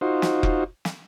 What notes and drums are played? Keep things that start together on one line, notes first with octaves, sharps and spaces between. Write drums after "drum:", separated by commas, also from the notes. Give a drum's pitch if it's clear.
D#4 F4 F#4 C5
drum: snare
drum: kick F1
drum: snare